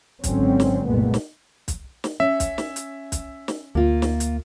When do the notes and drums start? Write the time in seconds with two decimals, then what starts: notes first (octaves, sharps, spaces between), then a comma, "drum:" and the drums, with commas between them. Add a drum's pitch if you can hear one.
0.24 G#1 D3 F#3 C4 C#4, drum: kick, hi-hat
0.60 drum: snare
0.87 F#1 C2 A#2 G#3 A3 B3
1.14 drum: snare
1.68 drum: kick, hi-hat
2.04 drum: snare
2.20 C#4 E5
2.40 drum: kick, hi-hat
2.58 drum: snare
2.76 drum: hi-hat
3.12 drum: kick, hi-hat
3.48 drum: snare
3.75 D2 A#3 F4
4.02 drum: snare
4.20 drum: hi-hat